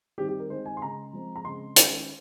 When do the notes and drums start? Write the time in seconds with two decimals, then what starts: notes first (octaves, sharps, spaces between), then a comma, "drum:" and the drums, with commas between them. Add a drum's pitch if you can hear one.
0.18 D#3 G3 C4 G4
0.28 G4
0.40 A#4
0.50 D#3 G#3 C4 C5
0.66 G#5
0.77 C6
0.81 C#3 G#3 C#4 A#5
1.13 F3 G#3 C4
1.36 A#5
1.45 C#3 G#3 C4 C6
1.76 D#3 G#3 C#4, drum: hi-hat